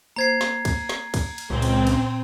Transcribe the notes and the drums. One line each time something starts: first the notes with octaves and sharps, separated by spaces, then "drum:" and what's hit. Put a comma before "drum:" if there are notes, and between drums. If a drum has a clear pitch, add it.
A#3 C5 A#5 G#6 C7
drum: snare
drum: kick, cymbal
drum: snare
drum: kick, cymbal
drum: cymbal
C#2 A#2 C4
drum: cymbal
drum: cymbal